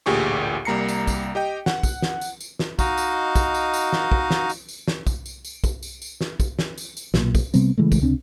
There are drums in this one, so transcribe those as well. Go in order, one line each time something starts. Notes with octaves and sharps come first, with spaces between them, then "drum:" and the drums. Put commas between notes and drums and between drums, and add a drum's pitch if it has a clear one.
A1 D2 A#2 G4 G#4 C#6
C2 G3 A#3 A#5 C7 C#7
drum: tambourine
drum: kick, tambourine
G4 D#5 G5
F#5, drum: snare
drum: kick, tambourine
drum: snare
drum: tambourine
drum: tambourine
drum: snare
D#4 F#4 D#5 F5, drum: kick, tambourine
drum: tambourine
drum: kick, tambourine
drum: tambourine
drum: tambourine
drum: snare
drum: kick
drum: snare
drum: tambourine
drum: tambourine
drum: snare
drum: kick, tambourine
drum: tambourine
drum: tambourine
drum: kick, tambourine
drum: tambourine
drum: tambourine
drum: snare
drum: kick, tambourine
drum: snare
drum: tambourine
drum: tambourine
B1 A#2, drum: snare
drum: kick, tambourine
C3 G3 B3 C4, drum: tambourine
C#3 E3 G#3 A3
drum: kick, tambourine
C#2 C3 C4 D4